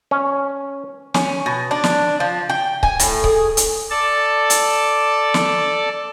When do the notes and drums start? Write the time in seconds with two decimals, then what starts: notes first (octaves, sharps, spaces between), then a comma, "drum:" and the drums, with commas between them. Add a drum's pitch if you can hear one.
0.11 C#4
1.14 C#4, drum: snare
1.46 B2
1.71 D4
1.84 drum: snare
2.20 F3
2.50 G5
2.83 G#5, drum: kick C#1
2.99 A2, drum: hi-hat
3.24 G#4, drum: kick C#1
3.57 drum: hi-hat
3.91 A4 D5 A5
4.50 drum: hi-hat
5.34 drum: snare